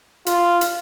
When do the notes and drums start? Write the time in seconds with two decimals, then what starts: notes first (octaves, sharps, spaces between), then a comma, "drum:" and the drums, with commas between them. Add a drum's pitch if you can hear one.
0.26 F4, drum: hi-hat
0.61 drum: hi-hat